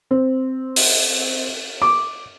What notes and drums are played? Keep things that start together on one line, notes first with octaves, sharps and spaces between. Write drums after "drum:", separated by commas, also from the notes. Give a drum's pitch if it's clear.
C4
drum: open hi-hat
D6